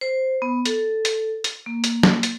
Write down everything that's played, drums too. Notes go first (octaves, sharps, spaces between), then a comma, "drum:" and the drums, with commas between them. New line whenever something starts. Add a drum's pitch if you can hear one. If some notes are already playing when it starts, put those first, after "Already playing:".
C5
B3
A4, drum: hi-hat
drum: hi-hat
drum: hi-hat
A#3
drum: hi-hat
drum: snare
drum: hi-hat